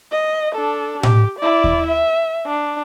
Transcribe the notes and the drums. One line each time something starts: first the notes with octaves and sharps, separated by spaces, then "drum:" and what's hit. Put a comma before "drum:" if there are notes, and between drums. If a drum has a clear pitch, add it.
D#5
D4 A4
G4, drum: tom A2
E4 D5
drum: kick D#2
E5
D4